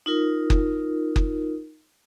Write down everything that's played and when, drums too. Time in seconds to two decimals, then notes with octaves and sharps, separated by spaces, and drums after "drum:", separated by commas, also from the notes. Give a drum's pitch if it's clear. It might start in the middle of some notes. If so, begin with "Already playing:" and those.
0.06 D#4 F4 A#4
0.50 drum: kick F#1
1.16 drum: kick F#1